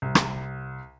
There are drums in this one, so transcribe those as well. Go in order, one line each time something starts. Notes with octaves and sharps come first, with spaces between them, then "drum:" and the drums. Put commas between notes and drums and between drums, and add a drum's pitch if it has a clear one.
C2
drum: rim click